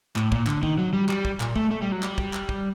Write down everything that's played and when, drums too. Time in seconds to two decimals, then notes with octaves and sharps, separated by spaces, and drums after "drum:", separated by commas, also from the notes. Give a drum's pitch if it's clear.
0.16 A2, drum: clap
0.32 A#2, drum: kick
0.47 D3, drum: clap
0.63 D#3, drum: kick
0.78 F#3
0.93 G3
1.09 G3, drum: clap
1.25 drum: kick
1.40 A#2, drum: clap
1.56 A3, drum: kick
1.71 A3
1.82 G3
1.92 F#3
2.03 G3, drum: clap
2.18 drum: kick
2.33 drum: clap
2.49 drum: kick